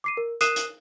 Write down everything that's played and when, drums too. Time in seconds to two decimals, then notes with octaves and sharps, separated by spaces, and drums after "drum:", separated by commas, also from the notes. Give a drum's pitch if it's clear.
0.04 D6 C7 D#7
0.17 A#4
0.41 A#4 D#6 F#6 C7 D#7 E7, drum: hi-hat
0.56 drum: hi-hat